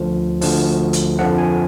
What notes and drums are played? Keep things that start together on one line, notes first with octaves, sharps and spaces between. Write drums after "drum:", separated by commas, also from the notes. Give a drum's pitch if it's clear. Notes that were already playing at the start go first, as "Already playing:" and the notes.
Already playing: D2 D3 F3
D2 D3 F3, drum: open hi-hat
drum: hi-hat
F2 D3 F3 F#5
G#5